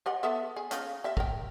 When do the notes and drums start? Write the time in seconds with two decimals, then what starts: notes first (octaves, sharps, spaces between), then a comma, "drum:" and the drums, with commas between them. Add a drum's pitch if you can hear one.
0.06 G4 D#5 F#5
0.23 B3 A4 E5
0.56 G#4
0.71 C#4 D#4 F4, drum: hi-hat
1.04 G4 E5
1.17 A#4 G5, drum: kick